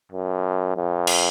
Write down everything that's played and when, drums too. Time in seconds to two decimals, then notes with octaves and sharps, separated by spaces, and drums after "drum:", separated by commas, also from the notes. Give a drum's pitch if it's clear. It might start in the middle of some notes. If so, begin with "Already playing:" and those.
0.12 F#2
0.77 F2
1.07 drum: cymbal